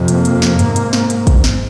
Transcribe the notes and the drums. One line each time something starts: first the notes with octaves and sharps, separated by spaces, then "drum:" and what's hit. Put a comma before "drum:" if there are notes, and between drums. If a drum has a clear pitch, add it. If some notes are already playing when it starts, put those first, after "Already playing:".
Already playing: F2 C3
A#3, drum: hi-hat
drum: hi-hat
drum: snare
G#2, drum: hi-hat
drum: hi-hat
drum: snare
drum: hi-hat
drum: kick, hi-hat
drum: snare